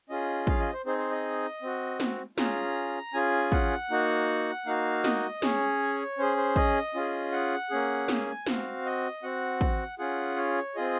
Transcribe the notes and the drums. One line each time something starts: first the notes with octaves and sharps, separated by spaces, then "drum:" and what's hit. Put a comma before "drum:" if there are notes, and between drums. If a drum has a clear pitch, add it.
C#4 F4 G#4 D#5
F5, drum: kick
D#5
C5
C4 D#4 G#4 C5
C5
D#5
C4 F#4
drum: snare
C#4 F4 G#4 A#5, drum: snare
C#4 F4 G#4 G#5
F#5, drum: kick
A#3 D#4 F#4
A#3 D#4 F#4 F5
D#5, drum: snare
C#4 G#4 C#5, drum: snare
C#4 G#4 C5
C5
D#5, drum: kick
C#4 F4 G#4
F#5
A#3 C#4 G#4
G#5, drum: snare
C4 F#4 F5, drum: snare
D#5
C4 F#4 F#5
drum: kick
C#4 F4 G#4 F#5
C#5
C4 F4 G#4 D#5